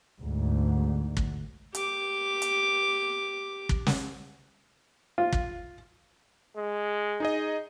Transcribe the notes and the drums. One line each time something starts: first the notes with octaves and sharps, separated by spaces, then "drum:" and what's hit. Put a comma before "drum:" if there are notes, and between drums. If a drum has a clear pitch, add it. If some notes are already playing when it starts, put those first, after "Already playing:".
D2 G#2
drum: kick
G4 D6, drum: hi-hat
drum: hi-hat
drum: kick
drum: snare
F4
drum: kick
G#3
D#4 G#4 D#5